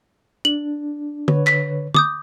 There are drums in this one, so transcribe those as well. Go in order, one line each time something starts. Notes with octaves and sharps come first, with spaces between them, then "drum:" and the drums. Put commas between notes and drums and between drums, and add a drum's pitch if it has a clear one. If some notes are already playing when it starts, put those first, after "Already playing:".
D4 F#7
D3 B4 C#5, drum: tom
B6, drum: clap
D6 D#6 G6, drum: tom